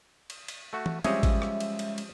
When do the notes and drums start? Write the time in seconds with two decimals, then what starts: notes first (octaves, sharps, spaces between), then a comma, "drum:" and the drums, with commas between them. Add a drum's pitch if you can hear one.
0.30 drum: cymbal
0.48 drum: cymbal
0.73 A3 F#4
0.86 drum: tom E3
1.04 F3 G3 G#3 C#4 G#4 C#5 D#5 E5, drum: cymbal
1.23 drum: kick G#1, cymbal
1.42 drum: rim click
1.60 drum: cymbal
1.79 drum: cymbal
1.98 drum: cymbal